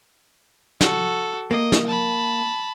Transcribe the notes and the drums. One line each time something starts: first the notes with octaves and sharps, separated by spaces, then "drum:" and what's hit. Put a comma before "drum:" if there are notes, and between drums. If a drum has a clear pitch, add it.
F#4 A4, drum: snare
A#3 D#5
drum: snare
A5 B5